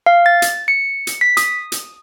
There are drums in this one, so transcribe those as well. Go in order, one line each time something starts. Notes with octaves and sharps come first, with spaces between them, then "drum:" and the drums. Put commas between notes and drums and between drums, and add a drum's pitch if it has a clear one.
F5
A6
drum: hi-hat
C#7
drum: hi-hat
B6
D#6, drum: hi-hat
drum: hi-hat